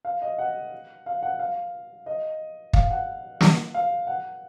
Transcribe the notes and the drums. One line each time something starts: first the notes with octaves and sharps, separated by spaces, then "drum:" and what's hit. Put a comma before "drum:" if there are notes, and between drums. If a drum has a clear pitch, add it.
F5
D#5
F#5
F5
F#5
F5
D#5
F5, drum: kick
F#5
drum: snare
F5
F#5